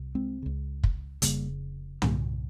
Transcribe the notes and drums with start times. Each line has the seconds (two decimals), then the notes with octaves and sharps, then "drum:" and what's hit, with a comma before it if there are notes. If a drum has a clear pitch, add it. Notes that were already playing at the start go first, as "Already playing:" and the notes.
Already playing: C2 C3
0.15 G#3 C4
0.42 C#2 C#3
0.84 drum: kick
1.22 D#2 C#3 G3 A#3, drum: hi-hat
1.27 F1
2.02 C2 A#2 G3 A#3, drum: tom